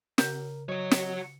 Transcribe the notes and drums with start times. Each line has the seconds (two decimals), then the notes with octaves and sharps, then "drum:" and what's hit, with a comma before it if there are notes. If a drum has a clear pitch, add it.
0.18 C#3 A#4 G6, drum: snare
0.69 F#3 F#4 C#5 D#5
0.91 drum: snare